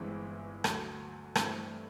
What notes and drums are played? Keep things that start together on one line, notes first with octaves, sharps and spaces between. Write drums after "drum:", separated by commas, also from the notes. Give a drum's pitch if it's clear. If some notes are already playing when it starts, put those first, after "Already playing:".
Already playing: G1 G2 E3 G#3 C4
D2 D3 F#3, drum: rim click
G2 E3 A3 C4, drum: rim click